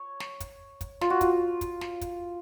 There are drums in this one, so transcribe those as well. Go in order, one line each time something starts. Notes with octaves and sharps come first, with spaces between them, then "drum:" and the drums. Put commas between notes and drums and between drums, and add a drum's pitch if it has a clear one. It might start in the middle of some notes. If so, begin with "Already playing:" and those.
Already playing: C#5
drum: snare
drum: kick, hi-hat
drum: kick, hi-hat
F4, drum: snare
F#4
F4, drum: kick, hi-hat
drum: kick, hi-hat
drum: snare
drum: kick, hi-hat